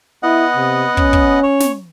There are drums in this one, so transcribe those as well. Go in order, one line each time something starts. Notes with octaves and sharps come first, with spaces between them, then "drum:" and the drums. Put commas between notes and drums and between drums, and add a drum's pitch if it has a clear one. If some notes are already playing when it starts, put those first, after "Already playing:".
B3 E4 D#5 F#5
C3
C#4, drum: kick
drum: kick
C#5
drum: snare